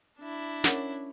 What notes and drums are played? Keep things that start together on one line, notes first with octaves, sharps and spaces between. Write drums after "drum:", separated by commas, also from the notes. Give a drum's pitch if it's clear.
D4 E4
C#4 A#4 F#5 D6, drum: snare